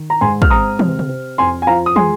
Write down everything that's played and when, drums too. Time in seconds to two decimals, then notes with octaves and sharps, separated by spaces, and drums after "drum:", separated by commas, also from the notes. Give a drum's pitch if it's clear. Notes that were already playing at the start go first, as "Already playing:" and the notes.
Already playing: D#3
0.10 A#5
0.21 G#2 G#5 C6
0.42 F6, drum: kick
0.50 C4 A#5 D#6
0.79 C3, drum: tom
0.99 drum: tom C3
1.09 C4
1.38 F2 G#5 C6
1.62 G#5
1.67 F3 F5 A#5
1.86 D#6
1.96 G#3 G#5 C6, drum: tom